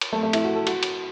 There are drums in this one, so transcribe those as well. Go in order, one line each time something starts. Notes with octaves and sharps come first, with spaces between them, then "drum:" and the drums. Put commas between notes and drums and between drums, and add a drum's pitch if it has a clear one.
drum: cymbal
A3
A3
E4, drum: cymbal
F#4
A4
F#4, drum: cymbal
drum: cymbal